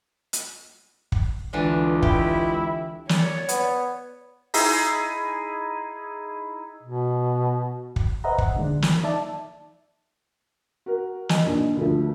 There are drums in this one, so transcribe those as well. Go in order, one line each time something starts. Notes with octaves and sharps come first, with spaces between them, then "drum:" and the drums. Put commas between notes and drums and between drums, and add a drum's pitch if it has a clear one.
drum: hi-hat
drum: kick
C#2 D3 E3 D4
E4 G4, drum: kick
C#5 D5, drum: snare
B3, drum: hi-hat
D#4 E4 G#4, drum: open hi-hat
B2
drum: kick
B4 C5 D#5 E5 F#5 A#5
F#5, drum: kick
A#2 D3 D#3 G#3 D4
F3, drum: snare
D#4 D5 E5 A5
F#4 A#4
D#5 G#5, drum: snare
A#1 D#2
D2 F3 A3